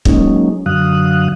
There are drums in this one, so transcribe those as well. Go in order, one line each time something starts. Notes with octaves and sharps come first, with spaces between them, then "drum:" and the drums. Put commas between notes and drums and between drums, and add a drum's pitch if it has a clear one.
F#3 G#3 A#3 C#4 D#4, drum: kick
F#2 D3 F#3 F5 D#6 F#6